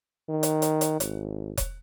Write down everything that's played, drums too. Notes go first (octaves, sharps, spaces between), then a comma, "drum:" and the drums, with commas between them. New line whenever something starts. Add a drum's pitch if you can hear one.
D#3
drum: hi-hat
drum: hi-hat
drum: hi-hat
G#1, drum: hi-hat
drum: kick E1, hi-hat